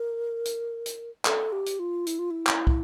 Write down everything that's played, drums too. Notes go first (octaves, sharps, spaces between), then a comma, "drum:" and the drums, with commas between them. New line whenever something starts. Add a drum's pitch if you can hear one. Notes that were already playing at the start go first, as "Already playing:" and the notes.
Already playing: A#4
drum: hi-hat
drum: hi-hat
A4, drum: clap
G4
drum: hi-hat
F4
E4, drum: hi-hat
F4
E4
drum: clap
drum: kick